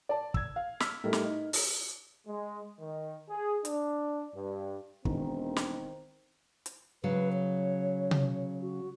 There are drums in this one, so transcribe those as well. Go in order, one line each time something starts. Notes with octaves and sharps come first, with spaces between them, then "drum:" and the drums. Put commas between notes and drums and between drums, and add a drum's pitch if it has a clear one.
D5 A5
E6 G#6, drum: kick
F5
E6 F6 B6, drum: snare
A2 G3 D#4 A4 A#4
drum: snare
D#4
drum: open hi-hat
G#3
D#3
G#4
D4, drum: hi-hat
G2
E1 D#3 C4, drum: kick
drum: snare
drum: hi-hat
C#3 F#3 B4
C#5
drum: tom C3
F#4